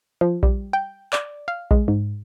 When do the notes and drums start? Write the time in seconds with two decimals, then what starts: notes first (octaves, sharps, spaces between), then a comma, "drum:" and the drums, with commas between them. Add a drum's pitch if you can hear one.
0.21 F3
0.43 G3, drum: kick A#1
0.73 G5
1.13 D5, drum: clap
1.48 F5
1.71 G#3, drum: kick A#1
1.88 G#2